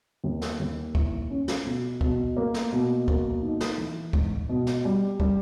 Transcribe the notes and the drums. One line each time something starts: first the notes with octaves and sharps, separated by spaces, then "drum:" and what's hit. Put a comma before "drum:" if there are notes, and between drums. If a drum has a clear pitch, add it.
D#2
drum: snare
D#2
E4, drum: kick
C#4
drum: snare
B2
B2, drum: kick
A#3
drum: snare
B2
A#3, drum: kick
D#4
drum: snare
E3
G#2, drum: kick
B2
drum: snare
G3
G3, drum: kick